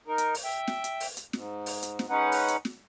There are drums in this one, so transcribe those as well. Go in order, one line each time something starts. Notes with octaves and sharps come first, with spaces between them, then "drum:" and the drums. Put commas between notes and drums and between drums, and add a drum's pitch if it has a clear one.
D#4 A#4
drum: hi-hat
drum: open hi-hat
E5 G5
drum: snare
drum: hi-hat
drum: open hi-hat
drum: hi-hat
G#2, drum: snare
drum: open hi-hat
drum: hi-hat
drum: snare
G#3 C#4 D#4 B4 F#5
drum: open hi-hat
drum: hi-hat
drum: snare